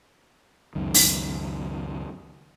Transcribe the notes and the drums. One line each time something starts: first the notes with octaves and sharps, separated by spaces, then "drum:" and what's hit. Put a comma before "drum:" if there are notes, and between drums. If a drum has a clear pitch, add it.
C#2 F#2 D#3
drum: open hi-hat